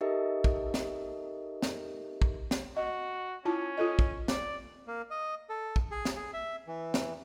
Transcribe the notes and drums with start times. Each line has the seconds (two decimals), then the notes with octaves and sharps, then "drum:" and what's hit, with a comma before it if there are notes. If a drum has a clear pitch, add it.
0.01 D#4 G4 A4 A#4 D#5 E5
0.44 drum: kick
0.74 drum: snare
1.62 drum: snare
2.22 drum: kick
2.51 drum: snare
2.77 F#4 D#5
3.45 C#4 E4 F4 A5
3.78 F4 A4 D#5
3.99 drum: kick
4.28 D5, drum: snare
4.87 A#3
5.11 D#5
5.49 A4
5.76 drum: kick
5.91 G#4
6.05 drum: snare
6.16 G#4
6.33 E5
6.67 E3
6.94 drum: snare